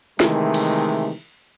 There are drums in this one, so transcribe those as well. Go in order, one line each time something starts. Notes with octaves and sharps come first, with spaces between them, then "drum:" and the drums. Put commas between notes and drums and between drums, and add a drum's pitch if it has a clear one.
C3 D#3 E3 G#3 A3, drum: snare
drum: cymbal